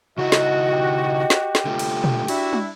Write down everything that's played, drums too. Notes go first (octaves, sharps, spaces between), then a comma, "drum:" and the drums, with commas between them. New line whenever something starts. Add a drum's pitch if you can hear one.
C#3 D#4 E4 F#4 D#5
drum: snare
G4
drum: snare
drum: snare
D3 A3 F4
drum: cymbal
drum: tom
D4 E4 F#4 E5, drum: cymbal
drum: tom